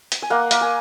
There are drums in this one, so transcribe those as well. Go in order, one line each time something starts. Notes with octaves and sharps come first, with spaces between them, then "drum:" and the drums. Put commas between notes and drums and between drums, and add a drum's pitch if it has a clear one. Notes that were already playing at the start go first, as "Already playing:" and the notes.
drum: hi-hat
G#5
A#3 F#5
A#3, drum: hi-hat
G#5